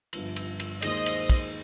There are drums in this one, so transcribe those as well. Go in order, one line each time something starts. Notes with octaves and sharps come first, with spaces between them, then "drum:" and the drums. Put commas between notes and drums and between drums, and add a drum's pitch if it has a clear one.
G1 G2 F3, drum: cymbal
drum: cymbal
drum: cymbal
D#2 D#3 G#3 C5 D#5, drum: cymbal
drum: cymbal
drum: kick, cymbal